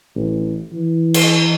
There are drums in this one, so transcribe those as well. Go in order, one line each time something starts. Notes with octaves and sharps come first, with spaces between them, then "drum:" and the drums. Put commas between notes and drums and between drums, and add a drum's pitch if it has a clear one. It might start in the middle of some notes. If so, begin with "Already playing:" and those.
A1
E3
drum: cymbal